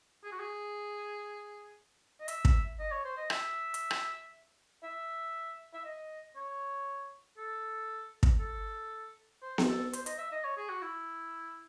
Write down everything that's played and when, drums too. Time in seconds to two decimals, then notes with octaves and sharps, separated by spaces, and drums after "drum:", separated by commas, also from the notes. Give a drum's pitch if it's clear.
0.24 G#4
0.32 F#4
0.40 G#4
2.20 D#5
2.28 E5, drum: hi-hat
2.45 drum: kick
2.79 D#5
2.92 C#5
3.05 C5
3.17 D#5
3.30 E5, drum: rim click
3.74 drum: hi-hat
3.91 drum: rim click
4.83 E5
5.74 E5
5.85 D#5
6.36 C#5
7.38 A4
8.23 drum: kick
8.40 A4
9.42 C5
9.58 drum: snare B3
9.68 A4
9.93 C5, drum: hi-hat
10.06 D#5, drum: hi-hat
10.18 E5
10.32 D#5
10.44 C#5
10.57 G#4
10.69 F#4
10.82 E4